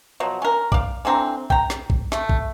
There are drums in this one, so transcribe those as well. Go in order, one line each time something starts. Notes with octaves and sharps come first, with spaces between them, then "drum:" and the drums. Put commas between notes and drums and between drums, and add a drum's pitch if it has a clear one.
B2 F3 F#3
C#4 A#4
D5 F5, drum: kick A1
D3 E3 C4 A#5
G5 A#5, drum: kick A1
drum: snare
drum: kick A1
A3, drum: snare
drum: kick A1